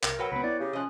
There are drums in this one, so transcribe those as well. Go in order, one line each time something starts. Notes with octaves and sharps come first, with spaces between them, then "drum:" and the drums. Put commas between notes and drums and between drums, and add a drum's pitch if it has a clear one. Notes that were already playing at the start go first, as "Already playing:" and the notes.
C2 A#4, drum: clap
F#3 B4 C#5 G5 A#5 B5 E6
C#2 B3 B5
B3 E4 D5
C#3 G4
F3 C#4 D#5 D#6 F#6